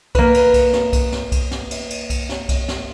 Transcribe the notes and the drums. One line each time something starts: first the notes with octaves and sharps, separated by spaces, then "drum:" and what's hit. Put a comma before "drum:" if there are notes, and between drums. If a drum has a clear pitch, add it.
A#3 B4, drum: kick C2, cymbal
drum: cymbal
drum: kick C2, cymbal
drum: snare
drum: kick C2, cymbal
drum: snare
drum: kick C2, cymbal
drum: snare
drum: cymbal
drum: cymbal
drum: kick C2, cymbal
drum: snare
drum: kick C2, cymbal
drum: snare